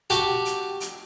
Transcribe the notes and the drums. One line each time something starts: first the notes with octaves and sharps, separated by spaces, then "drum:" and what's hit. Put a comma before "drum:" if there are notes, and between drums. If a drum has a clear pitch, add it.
F#4 G4 A5, drum: hi-hat
drum: hi-hat
drum: hi-hat